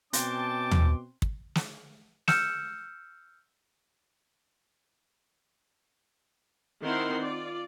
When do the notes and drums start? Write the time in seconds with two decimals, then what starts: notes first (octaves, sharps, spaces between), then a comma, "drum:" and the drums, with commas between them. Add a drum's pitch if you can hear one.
0.13 B2 C4 C#4 G5 A5 C6 D6, drum: hi-hat
0.71 drum: tom
1.22 drum: kick
1.55 drum: snare
2.28 E6 F6 G6 C#7 E7, drum: snare
6.82 D#3 C4 E4 A#4 F#5 C6
7.22 F4 D5